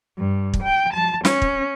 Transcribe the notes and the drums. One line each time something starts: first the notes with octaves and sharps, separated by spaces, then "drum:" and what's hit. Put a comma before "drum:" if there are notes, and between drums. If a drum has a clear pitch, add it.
G2
drum: kick
G5
A5
C#4, drum: snare
drum: kick